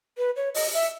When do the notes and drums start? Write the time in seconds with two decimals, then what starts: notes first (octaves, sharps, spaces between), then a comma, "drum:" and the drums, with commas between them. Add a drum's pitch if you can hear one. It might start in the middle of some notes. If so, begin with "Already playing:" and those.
0.18 B4
0.36 C#5
0.55 D#5, drum: open hi-hat
0.73 E5